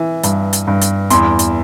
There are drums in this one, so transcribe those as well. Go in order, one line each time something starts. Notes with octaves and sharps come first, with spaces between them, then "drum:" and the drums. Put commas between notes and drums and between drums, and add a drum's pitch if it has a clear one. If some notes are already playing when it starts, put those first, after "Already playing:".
Already playing: E3
G2, drum: hi-hat
drum: hi-hat
G2
drum: hi-hat
E2 C6, drum: hi-hat
drum: hi-hat